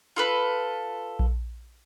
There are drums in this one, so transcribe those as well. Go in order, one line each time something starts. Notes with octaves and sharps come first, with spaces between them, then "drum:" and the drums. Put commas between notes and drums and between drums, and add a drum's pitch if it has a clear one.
F4 A4 B4
drum: kick A#1